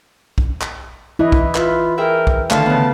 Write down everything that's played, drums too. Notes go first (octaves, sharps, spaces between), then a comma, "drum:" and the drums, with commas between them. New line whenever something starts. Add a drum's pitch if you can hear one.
drum: kick
drum: clap
E3 E4 D#5
drum: kick
F4 B4 E5, drum: clap
G#4 A#4 E5 G5
drum: kick
D3 D#3 A3 F5 A5, drum: clap
C#3 B3